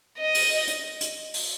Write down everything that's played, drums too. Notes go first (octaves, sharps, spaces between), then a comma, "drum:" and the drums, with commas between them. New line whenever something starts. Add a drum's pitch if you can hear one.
D#5
drum: open hi-hat
drum: hi-hat
drum: hi-hat
drum: open hi-hat